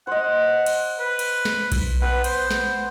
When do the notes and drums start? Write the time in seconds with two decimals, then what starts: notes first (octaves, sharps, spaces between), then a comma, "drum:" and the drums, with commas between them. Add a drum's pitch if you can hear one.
0.07 C5 D#5 F#5
0.66 drum: cymbal
1.00 B4
1.19 drum: cymbal
1.45 drum: snare
1.72 drum: kick B1, cymbal
2.02 B3 B4
2.24 C5, drum: cymbal
2.51 drum: snare